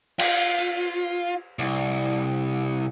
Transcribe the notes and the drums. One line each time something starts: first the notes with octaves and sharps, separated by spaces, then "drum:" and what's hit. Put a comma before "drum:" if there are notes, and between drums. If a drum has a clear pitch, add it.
F4, drum: cymbal
drum: hi-hat
C2